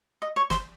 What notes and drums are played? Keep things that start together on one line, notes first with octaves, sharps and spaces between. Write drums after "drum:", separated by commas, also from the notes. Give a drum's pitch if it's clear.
D#5
C#5
C5, drum: snare